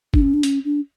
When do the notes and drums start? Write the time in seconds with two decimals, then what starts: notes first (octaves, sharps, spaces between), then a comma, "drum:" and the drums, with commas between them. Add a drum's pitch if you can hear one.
0.14 D4, drum: kick F#1
0.22 C#4
0.34 D4
0.43 C#4, drum: hi-hat
0.65 D4